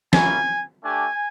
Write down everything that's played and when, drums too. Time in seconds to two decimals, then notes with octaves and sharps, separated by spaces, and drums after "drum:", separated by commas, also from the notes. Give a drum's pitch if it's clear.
0.13 A#3 C#4 E4 G#5, drum: snare
0.83 A3 D4 G4 G#5